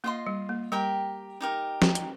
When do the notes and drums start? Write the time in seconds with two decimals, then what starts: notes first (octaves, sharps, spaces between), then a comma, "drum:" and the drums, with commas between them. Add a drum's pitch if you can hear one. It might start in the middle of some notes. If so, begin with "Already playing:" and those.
0.04 A#3 F4 D#5 C6
0.27 G3
0.49 A#3
0.72 G3 G4 A#4 G5
1.41 D#4 G4 A#4
1.82 drum: snare
1.95 drum: hi-hat